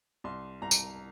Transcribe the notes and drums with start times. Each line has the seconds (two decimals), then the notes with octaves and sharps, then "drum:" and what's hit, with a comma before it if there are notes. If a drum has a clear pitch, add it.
0.24 C2 C6
0.62 C2 A#5
0.71 drum: tambourine